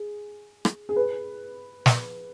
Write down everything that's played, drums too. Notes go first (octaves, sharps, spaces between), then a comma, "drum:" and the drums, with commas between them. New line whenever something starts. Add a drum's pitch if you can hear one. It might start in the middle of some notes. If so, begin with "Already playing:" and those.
Already playing: G#4
drum: rim click
G#4
B4
drum: snare